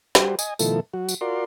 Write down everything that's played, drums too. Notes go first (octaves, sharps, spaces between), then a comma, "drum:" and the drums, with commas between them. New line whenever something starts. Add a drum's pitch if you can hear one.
G3 F#4 G4 C5, drum: snare
D#5 G#5, drum: tambourine
B2 D#3 F3 A3 E4 A4, drum: tambourine
F#3 F#4
drum: tambourine
F4 F#4 A#4 D5 C6